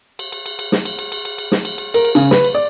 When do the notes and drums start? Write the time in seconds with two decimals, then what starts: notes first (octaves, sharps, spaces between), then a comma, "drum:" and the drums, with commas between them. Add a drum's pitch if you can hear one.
0.19 drum: cymbal
0.32 drum: cymbal
0.46 drum: cymbal
0.59 drum: cymbal
0.72 drum: snare
0.85 drum: cymbal
0.99 drum: cymbal
1.12 drum: cymbal
1.25 drum: cymbal
1.38 drum: cymbal
1.52 drum: snare
1.65 drum: cymbal
1.78 drum: cymbal
1.94 A#4, drum: cymbal
2.05 drum: cymbal
2.15 C#3, drum: cymbal
2.31 B4, drum: snare
2.44 drum: cymbal
2.55 D5